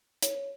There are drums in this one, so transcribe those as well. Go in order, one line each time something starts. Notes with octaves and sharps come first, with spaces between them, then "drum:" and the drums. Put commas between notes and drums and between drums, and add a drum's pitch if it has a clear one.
C#5, drum: hi-hat